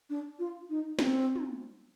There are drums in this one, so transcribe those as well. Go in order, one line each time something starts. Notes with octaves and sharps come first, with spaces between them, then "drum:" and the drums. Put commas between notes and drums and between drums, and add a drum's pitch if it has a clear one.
D4
F4
D#4
C4, drum: snare
drum: tom